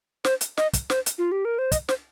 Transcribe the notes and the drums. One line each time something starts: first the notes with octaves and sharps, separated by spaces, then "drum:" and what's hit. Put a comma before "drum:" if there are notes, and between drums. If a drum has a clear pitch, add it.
C5, drum: snare
drum: hi-hat
D#5, drum: snare
drum: kick, hi-hat
C5, drum: snare
drum: hi-hat
F4
G4
A#4
C5
D#5, drum: kick, hi-hat
C5, drum: snare